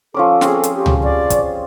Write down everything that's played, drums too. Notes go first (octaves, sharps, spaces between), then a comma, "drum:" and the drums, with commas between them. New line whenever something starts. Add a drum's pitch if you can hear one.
F3 C#4 A4 D6
C4 C#4 G#4, drum: snare
drum: hi-hat
G4
drum: tom C#2
D5
drum: kick, hi-hat